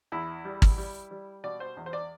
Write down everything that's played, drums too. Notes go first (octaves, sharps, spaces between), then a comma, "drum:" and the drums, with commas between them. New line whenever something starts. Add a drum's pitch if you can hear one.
E2 E4
G3
drum: kick G#1
G3
G3
B2 D5
C5
E2
C5
D5